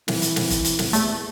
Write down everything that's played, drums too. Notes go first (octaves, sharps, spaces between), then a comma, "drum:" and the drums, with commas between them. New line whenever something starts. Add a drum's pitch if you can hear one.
E3, drum: snare
drum: hi-hat
drum: snare
drum: kick, hi-hat
drum: hi-hat
drum: snare
E2 A3, drum: hi-hat